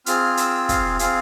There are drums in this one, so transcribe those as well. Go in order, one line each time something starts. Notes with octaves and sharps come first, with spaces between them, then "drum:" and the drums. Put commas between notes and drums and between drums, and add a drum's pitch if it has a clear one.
C4 F4 G#4 F6, drum: hi-hat
E6, drum: hi-hat
F5, drum: kick, hi-hat
C4 F4 G#4 F5, drum: hi-hat